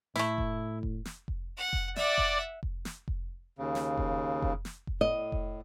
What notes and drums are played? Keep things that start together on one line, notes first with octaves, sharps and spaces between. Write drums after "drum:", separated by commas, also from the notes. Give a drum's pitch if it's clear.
A2 A3 E4, drum: snare
drum: kick F1
drum: kick F1
drum: snare
drum: kick F1
F#5
drum: kick F1
D5 E5 F#5, drum: snare
drum: kick F1
drum: kick F1
drum: snare
drum: kick F1
D#2 C#3
drum: snare
drum: kick F1
drum: kick F1
drum: snare
drum: kick F1
A2 D#5
drum: kick F1